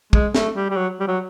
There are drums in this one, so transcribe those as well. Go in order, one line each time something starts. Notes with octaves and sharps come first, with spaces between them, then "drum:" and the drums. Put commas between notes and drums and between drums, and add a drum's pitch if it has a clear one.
G#3, drum: kick
A3, drum: snare
G3
G3
F#3
G3
F#3